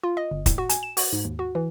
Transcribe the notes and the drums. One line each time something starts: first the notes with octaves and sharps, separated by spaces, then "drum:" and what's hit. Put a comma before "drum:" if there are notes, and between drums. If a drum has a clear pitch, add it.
F4
D#5
G1
A2, drum: kick, hi-hat
F#4
G#5, drum: hi-hat
E7
F#4, drum: open hi-hat
G#2
D#2
F#4
E3